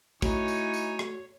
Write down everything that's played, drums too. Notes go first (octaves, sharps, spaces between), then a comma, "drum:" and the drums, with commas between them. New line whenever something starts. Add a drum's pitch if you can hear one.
E3 A3 D#4 F#4 C#5 G#5, drum: kick, tambourine
drum: tambourine
drum: tambourine
drum: rim click